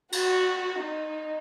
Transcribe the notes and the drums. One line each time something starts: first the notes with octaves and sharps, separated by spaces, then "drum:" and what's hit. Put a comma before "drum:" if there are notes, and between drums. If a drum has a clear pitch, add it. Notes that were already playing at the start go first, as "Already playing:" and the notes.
F#4, drum: cymbal
D#4